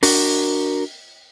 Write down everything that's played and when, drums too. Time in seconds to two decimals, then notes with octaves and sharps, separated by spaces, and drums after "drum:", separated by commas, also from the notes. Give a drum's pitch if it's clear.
0.03 D4 F#4 A#4, drum: open hi-hat